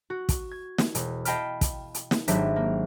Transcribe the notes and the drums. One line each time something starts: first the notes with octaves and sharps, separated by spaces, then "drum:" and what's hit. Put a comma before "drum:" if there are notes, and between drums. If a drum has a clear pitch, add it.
F#4
drum: kick, hi-hat
G#6
drum: snare
E1, drum: hi-hat
D#5 F5 G5 A5 B5 F6, drum: hi-hat
drum: kick, hi-hat
drum: hi-hat
drum: snare
G#1 F#3 D4 G4 E5, drum: hi-hat
A#3